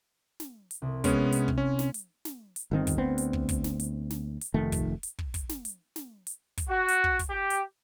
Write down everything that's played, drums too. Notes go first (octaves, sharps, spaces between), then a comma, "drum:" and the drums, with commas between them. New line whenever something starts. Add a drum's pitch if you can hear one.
drum: snare
drum: hi-hat
C2
G#3 B3 C#4, drum: kick, hi-hat
drum: hi-hat
drum: kick
C#4
drum: snare
drum: hi-hat
drum: snare
drum: hi-hat
G1 D#3 C4
drum: kick, hi-hat
D2 B3 C4
drum: hi-hat
drum: kick
drum: kick, hi-hat
drum: snare
drum: hi-hat
drum: snare
drum: hi-hat
F1 D#3 A3
drum: kick, hi-hat
drum: hi-hat
drum: kick
drum: kick, hi-hat
drum: snare
drum: hi-hat
drum: snare
drum: hi-hat
drum: kick, hi-hat
F#4
drum: hi-hat
drum: kick
drum: kick, hi-hat
G4
drum: hi-hat